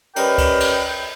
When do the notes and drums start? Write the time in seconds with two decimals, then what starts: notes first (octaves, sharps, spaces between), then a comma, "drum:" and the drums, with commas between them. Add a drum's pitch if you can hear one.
0.16 G3 C#4 A#4 B4 D#5 G5, drum: cymbal
0.38 drum: kick C#2, cymbal
0.60 drum: cymbal